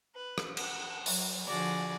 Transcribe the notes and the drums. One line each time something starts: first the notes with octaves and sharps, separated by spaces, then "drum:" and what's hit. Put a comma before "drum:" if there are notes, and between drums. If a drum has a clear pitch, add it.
B4
drum: rim click
F#5, drum: cymbal
F#3, drum: open hi-hat
D3 F3 F#4 G#4 D5 G#5